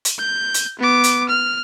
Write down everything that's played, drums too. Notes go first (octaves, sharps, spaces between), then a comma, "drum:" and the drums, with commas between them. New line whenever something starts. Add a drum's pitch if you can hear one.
drum: hi-hat
G6
drum: hi-hat
B3 D6
drum: hi-hat
F6